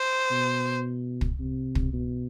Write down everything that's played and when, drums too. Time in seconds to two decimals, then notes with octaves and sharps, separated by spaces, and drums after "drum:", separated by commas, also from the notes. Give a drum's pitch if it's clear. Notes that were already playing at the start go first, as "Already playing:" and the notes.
Already playing: C5
0.31 B2
1.21 drum: kick
1.39 C3
1.75 drum: kick
1.93 B2